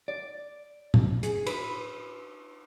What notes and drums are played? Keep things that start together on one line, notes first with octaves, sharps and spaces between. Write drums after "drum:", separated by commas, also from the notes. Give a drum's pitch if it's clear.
D5
drum: tom A2
G#4, drum: hi-hat
B4, drum: cymbal